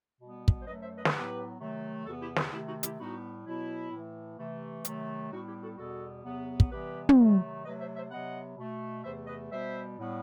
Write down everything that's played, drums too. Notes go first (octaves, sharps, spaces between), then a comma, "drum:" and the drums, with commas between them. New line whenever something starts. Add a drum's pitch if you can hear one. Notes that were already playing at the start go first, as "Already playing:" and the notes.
B2 G3 B3
drum: kick
C5
F#2 F#3 A3 B4 D#5
C5 E5
B4 D#5
C5, drum: snare
A2 F#3 B3 G4 B4
C3 D#3 F#3 A3
E2 C3 E3 B3 F#4 A4
E4 G4
E4 G4, drum: snare
C3 D#3 A3 E4 G4
D#4 F#4
E4 G4, drum: hi-hat
A2 G3 B3 D#4 F#4
B2 F#3 B3 E4
A2 E3 A3
C3 E3 A3
C3 D#3 F#3 A3, drum: hi-hat
A2 G3 B3 D#4 F#4
E4 G4
F#4 A4
E2 B2 G3 B3 F#4 A4
E2 C3 F#3 B3
drum: kick
C3 E3 G3 B3 G4 B4
drum: tom
C3 D#3 F#3 A3
C3 F#3 A3 B4 D#5
C5 E5
C5 E5
C3 F#3 B3 D#5 F#5
B2 A3
E2 C3 E3 A3 C5 E5
B4 D#5
B2 G3 B3 C5 E5
A2 G3 B3